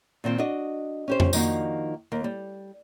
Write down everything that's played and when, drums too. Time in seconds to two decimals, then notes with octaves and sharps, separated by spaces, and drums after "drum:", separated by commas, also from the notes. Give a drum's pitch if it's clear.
0.24 A#2 D#3 C4 F4
0.38 D4 F#4 D#5
1.08 C#4 G4 C5
1.20 drum: tom F2
1.33 D#3 F3 A#3 D4 D#4 F#4, drum: tambourine
2.12 D#2 A#3
2.24 G3